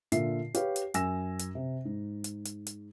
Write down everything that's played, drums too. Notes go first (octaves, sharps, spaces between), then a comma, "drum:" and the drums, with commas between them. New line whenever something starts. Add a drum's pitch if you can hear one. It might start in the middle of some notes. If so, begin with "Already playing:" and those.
A#2 D3 F4 E5 C7, drum: hi-hat
G4 B4 C#5 F5, drum: hi-hat
drum: hi-hat
F#2 G#5 E6 A#6 E7, drum: hi-hat
drum: hi-hat
C3
G#2
drum: hi-hat
drum: hi-hat
drum: hi-hat